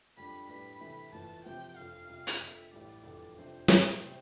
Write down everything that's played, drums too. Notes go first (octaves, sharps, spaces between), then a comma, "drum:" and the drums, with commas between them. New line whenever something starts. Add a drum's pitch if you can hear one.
F2 D3 G3 D4 G4 B5
A2 G3 D4 G4 B4 B5
C3 E3 A3 E4
G1 F2 E3 A5
C3 F3 C4 G4 G5
F1 F2 D3 A3 F5
F2 C3 G3
drum: hi-hat
F2 D3 A3 E5
A1 A2 G3 D5
F1 E2 D3 G3
F2 C3 F3 A3 D4 C5
A2 E3 A3 E4 A4, drum: snare
C3 G3